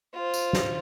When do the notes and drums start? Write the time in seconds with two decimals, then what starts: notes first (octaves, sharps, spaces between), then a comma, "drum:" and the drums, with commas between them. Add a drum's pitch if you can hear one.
0.14 F4 C5
0.34 drum: tambourine
0.53 drum: snare